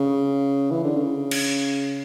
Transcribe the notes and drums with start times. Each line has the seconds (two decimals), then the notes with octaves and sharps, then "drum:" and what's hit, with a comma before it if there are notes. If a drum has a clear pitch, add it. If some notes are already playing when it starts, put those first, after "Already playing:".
Already playing: C#3
0.71 E3
0.83 D3
0.97 C#3
1.31 drum: cymbal